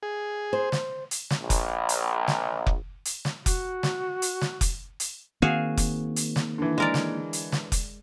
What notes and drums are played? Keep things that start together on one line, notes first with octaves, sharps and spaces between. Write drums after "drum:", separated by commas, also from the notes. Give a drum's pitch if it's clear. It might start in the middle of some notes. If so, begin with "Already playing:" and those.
G#4
C5
drum: snare
drum: hi-hat
drum: snare
A#1
drum: kick F1, hi-hat
drum: hi-hat
drum: snare
drum: kick F1
drum: hi-hat
drum: snare
F#4, drum: kick F1, hi-hat
drum: snare
drum: hi-hat
drum: snare
drum: kick F1, hi-hat
drum: hi-hat
D#3 A#3 C4 F#4 G#4 F5
drum: kick F1, hi-hat
drum: hi-hat
drum: snare
D3 E3
G#3 A#4 D5
drum: snare
drum: hi-hat
drum: snare
drum: kick F1, hi-hat